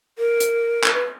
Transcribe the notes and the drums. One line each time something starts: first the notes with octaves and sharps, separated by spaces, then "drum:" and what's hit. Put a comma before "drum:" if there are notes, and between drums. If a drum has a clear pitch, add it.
A#4
drum: hi-hat
drum: clap
B4